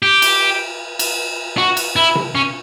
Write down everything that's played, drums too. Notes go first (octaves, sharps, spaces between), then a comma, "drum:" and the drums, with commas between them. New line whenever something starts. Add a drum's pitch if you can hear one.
G4
drum: cymbal
drum: cymbal
F#4
drum: cymbal
E4
drum: tom C3
C#4